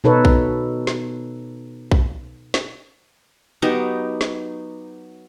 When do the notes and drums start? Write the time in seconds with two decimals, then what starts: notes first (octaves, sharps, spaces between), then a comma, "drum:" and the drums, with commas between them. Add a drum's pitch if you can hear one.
0.04 B2 D#4 A4 B4 C#5
0.25 drum: kick A#1
0.87 drum: snare
1.91 drum: kick A#1
2.54 drum: snare
3.62 F#3 B3 D#4 G4
4.21 drum: snare